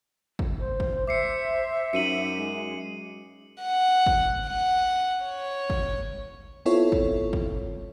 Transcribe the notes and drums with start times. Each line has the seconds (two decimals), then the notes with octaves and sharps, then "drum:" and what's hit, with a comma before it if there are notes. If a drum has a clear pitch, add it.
0.39 drum: kick
0.60 C5
0.80 drum: kick
1.07 C5 E5 D6 C7 C#7
1.93 F#2 D#4 C#7 D#7 F#7
2.37 G#3
3.62 F#5
4.06 drum: kick
4.47 F#5
5.25 C#5
5.70 drum: kick
6.65 B3 C4 E4 F4 A4 C#5
6.92 drum: kick
7.33 drum: kick